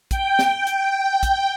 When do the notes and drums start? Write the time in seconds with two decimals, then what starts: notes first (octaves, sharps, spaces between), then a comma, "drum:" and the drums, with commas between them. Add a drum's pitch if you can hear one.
0.11 G5, drum: kick, hi-hat
0.39 drum: snare
0.67 drum: hi-hat
1.23 drum: kick, hi-hat